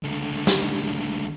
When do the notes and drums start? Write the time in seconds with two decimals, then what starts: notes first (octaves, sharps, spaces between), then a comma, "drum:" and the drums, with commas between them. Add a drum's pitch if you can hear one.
0.03 C#2 D3
0.47 drum: snare